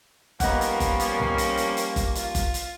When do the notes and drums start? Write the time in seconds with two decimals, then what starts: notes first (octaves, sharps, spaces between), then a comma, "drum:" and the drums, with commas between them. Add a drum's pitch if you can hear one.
0.40 F3 G3 A#3 B3 C#4 D#4 E4 F#5, drum: kick F#1, hi-hat
0.61 drum: hi-hat
0.80 drum: kick F#1, hi-hat
1.00 drum: hi-hat
1.19 drum: tom
1.38 drum: hi-hat
1.57 drum: hi-hat
1.77 drum: hi-hat
1.96 drum: kick F#1, hi-hat
2.15 F4, drum: hi-hat
2.35 drum: kick F#1, hi-hat
2.54 drum: hi-hat